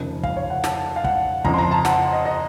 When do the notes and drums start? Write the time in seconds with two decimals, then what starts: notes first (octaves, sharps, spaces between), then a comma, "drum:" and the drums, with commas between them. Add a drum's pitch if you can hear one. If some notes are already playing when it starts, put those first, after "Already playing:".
Already playing: F1 D#2 C#3 F3
0.23 F5, drum: kick
0.37 C#5
0.50 F#5
0.64 A5, drum: snare
0.96 F5
1.04 F#5, drum: kick
1.45 F2 C#3 F3 A#5, drum: kick
1.54 C6
1.58 A#5
1.71 A5
1.85 F#5, drum: snare
2.12 D#5
2.25 D#5